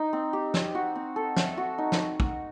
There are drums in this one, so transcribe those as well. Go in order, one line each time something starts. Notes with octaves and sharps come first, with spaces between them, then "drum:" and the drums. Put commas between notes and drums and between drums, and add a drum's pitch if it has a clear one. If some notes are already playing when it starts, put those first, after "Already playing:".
Already playing: D#4
C4
G4
C4, drum: snare
F#4
C4
A4
E5, drum: snare
F#4
D#4
drum: snare
drum: kick